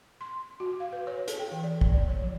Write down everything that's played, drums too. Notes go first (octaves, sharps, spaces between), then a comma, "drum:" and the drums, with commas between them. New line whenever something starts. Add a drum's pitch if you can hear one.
C6
F#4
F5
B4
C#5
A4, drum: hi-hat
G5
E3
D5
drum: kick
D5
C#5
F3